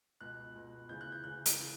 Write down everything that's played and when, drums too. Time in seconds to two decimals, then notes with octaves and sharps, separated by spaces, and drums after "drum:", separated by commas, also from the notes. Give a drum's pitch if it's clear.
0.21 C#2 B2 F#6
0.55 C#2 B2
0.89 D2 C#3 E3 G6
1.01 F#6
1.12 G6
1.24 D2 C#3 E3 F#6
1.46 drum: hi-hat
1.59 C#3 E3